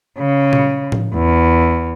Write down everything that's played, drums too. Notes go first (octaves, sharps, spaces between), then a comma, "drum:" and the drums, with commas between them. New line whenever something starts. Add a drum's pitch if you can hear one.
C#3
drum: tom A#2
drum: tom A2
E2